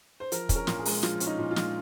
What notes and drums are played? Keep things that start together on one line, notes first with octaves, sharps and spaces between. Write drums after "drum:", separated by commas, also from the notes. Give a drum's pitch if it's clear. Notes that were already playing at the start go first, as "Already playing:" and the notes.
C5
F3 A#4, drum: hi-hat
C#4, drum: kick, hi-hat
A#4
A#2, drum: snare
G#4
G#3, drum: open hi-hat
F3 F4, drum: snare
C#4, drum: hi-hat
D#4
A#2
F4
G#3, drum: snare